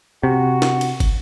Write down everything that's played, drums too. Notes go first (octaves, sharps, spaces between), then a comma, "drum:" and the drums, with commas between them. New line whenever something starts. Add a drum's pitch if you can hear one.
C3 F#4
drum: snare
drum: cymbal
drum: kick, cymbal